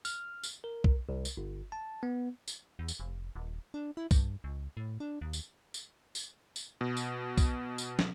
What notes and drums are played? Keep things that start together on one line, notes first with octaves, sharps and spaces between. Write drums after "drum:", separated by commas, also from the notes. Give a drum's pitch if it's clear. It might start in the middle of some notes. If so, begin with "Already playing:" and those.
F6, drum: tambourine
drum: tambourine
A#4
drum: kick
C2
drum: tambourine
G1
A5
B3
drum: tambourine
E2
drum: tambourine
F1
D#1
D4
E4
G2, drum: kick, tambourine
C#2
A2
D4
D#2
drum: tambourine
drum: tambourine
drum: tambourine
drum: tambourine
B2
drum: tambourine
drum: kick, tambourine
drum: tambourine
drum: snare